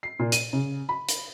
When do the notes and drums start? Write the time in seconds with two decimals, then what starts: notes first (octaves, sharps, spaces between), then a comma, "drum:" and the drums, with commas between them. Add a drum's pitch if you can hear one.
0.03 C7
0.19 A#2
0.32 D#7, drum: hi-hat
0.53 C#3
0.89 B5
1.09 drum: hi-hat